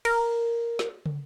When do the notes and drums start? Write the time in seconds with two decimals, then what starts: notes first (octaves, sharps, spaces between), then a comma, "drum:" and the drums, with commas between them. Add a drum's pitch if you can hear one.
0.05 A#4, drum: cymbal
0.79 drum: snare
1.06 drum: tom